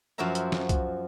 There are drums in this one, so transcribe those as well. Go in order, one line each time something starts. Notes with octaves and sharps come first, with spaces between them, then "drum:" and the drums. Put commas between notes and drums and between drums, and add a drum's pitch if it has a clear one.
F#2 F3 F#4 C5 E5 A#5
drum: hi-hat
drum: snare
drum: kick C2, hi-hat